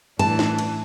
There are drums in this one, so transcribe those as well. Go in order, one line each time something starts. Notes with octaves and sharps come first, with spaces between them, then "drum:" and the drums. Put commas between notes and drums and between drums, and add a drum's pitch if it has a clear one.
A2 E3 D4 A5, drum: cymbal
drum: snare
drum: cymbal